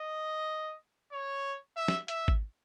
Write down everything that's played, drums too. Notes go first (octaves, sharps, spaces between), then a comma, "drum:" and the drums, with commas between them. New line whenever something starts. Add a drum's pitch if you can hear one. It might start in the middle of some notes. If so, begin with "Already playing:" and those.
Already playing: D#5
C#5
E5
drum: snare
E5, drum: hi-hat
drum: kick G#1